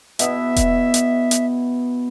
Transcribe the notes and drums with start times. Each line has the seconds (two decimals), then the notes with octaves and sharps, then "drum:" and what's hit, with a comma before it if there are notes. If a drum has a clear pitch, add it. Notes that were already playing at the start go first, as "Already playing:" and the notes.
0.19 B2 B3 E4 E5, drum: hi-hat
0.56 drum: kick E1, hi-hat
0.94 drum: hi-hat
1.31 drum: hi-hat